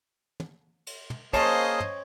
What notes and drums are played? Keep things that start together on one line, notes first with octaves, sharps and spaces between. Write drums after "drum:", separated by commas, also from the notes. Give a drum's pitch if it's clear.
drum: tom
drum: cymbal
drum: tom
A#3 G#4 C5 C#5 D#5 F5 A5, drum: kick, cymbal
drum: tom